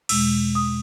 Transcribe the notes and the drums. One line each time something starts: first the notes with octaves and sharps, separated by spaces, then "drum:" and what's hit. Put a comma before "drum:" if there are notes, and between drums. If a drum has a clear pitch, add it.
E2 B2 G#3 E6, drum: cymbal
D#6